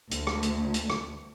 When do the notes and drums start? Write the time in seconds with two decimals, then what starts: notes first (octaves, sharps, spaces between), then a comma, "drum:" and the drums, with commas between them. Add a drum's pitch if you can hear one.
0.11 D2, drum: hi-hat
0.27 drum: rim click
0.43 drum: hi-hat
0.74 drum: hi-hat
0.90 drum: rim click